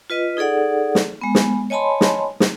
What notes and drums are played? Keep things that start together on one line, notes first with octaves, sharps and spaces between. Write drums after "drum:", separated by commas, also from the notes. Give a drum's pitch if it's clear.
F4 B4 D#5
D#4 G#4 A4 D5 F#5
drum: snare
G#3 B3
drum: snare
C#5 D#5 G#5 A5 B5 C6
drum: snare
drum: snare